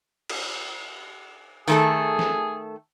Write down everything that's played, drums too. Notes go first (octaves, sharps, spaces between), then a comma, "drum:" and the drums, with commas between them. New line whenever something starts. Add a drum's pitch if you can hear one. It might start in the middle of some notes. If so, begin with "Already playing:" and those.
drum: cymbal
D#3 A3 G#4 A4, drum: tambourine
drum: snare